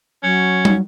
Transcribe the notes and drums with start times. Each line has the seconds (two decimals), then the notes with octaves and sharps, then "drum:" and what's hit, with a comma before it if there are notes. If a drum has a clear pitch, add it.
0.23 F#3 C#4
0.65 drum: tom